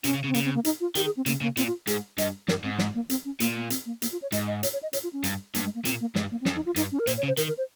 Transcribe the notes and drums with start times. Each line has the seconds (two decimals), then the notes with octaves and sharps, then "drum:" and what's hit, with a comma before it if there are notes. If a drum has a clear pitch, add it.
0.04 C3 C#4, drum: hi-hat
0.14 C#3
0.24 C#3
0.28 C4
0.34 C#3 A#3, drum: hi-hat
0.45 C4
0.55 A#3
0.65 D#4, drum: hi-hat
0.81 F4
0.95 D#3 G4, drum: hi-hat
1.05 G#4
1.17 C4
1.26 C#3 A#3, drum: hi-hat
1.41 C#3 A#3
1.57 A#2 C4, drum: hi-hat
1.67 F4
1.87 G#2 G#4, drum: hi-hat
2.18 G2 D#5, drum: hi-hat
2.48 G2 A#4, drum: snare
2.64 G#2 C4
2.79 G#3, drum: snare
2.95 A#3
3.10 C4, drum: hi-hat
3.25 C#4
3.40 A#2 A#3, drum: hi-hat
3.56 A#3
3.67 A#3
3.70 C4, drum: hi-hat
3.86 A#3
4.02 A#3, drum: hi-hat
4.12 F4
4.22 C#5
4.32 G#2 D#5, drum: hi-hat
4.47 D#5
4.63 C#5, drum: hi-hat
4.73 C#5
4.83 D#5
4.93 C#5, drum: hi-hat
5.03 F4
5.13 C#4
5.24 G2, drum: hi-hat
5.55 G2 A#3, drum: hi-hat
5.64 G#3
5.75 A#3
5.85 A#2 C4, drum: hi-hat
6.01 A#3
6.15 G2 G#3, drum: snare
6.31 A#3
6.41 C4
6.45 F2 C#4, drum: snare
6.56 D#4
6.66 F4
6.76 G2 D#4, drum: hi-hat
6.92 C#4
6.99 A#4
7.07 A#2 C5, drum: hi-hat
7.17 C#5
7.23 C#3
7.28 C5
7.37 D#3 A#4, drum: hi-hat
7.48 A#4
7.58 C5